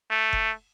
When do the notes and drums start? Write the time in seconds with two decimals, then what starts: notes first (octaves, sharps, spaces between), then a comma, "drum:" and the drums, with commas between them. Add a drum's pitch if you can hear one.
0.10 A3
0.33 drum: kick F1